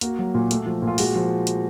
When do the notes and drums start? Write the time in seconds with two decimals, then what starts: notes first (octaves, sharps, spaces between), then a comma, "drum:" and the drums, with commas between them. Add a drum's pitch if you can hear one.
0.01 A#3 F#4, drum: hi-hat
0.19 F#3
0.35 A#2
0.51 A3, drum: hi-hat
0.66 F3
0.82 A#2
0.87 F4
0.98 G#3 F#4, drum: open hi-hat
1.15 F3
1.47 drum: hi-hat